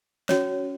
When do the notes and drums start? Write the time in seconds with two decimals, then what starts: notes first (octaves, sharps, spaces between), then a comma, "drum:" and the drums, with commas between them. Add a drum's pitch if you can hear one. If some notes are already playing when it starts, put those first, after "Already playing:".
0.29 C#4 F#4 C#5, drum: snare